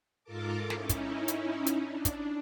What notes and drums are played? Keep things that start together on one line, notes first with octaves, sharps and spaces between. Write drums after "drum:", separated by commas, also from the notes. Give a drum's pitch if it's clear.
G#2 F4 A4 A#4 A5 D6
C#4 D#4 E4, drum: snare
drum: kick, hi-hat
drum: hi-hat
drum: hi-hat
D4
drum: kick, hi-hat